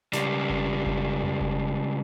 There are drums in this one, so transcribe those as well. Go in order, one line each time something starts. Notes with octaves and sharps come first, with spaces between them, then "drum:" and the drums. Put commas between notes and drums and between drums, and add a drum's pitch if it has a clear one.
C#2 G3, drum: snare
drum: kick F#1
drum: kick F#1
drum: tom F2
drum: kick F#1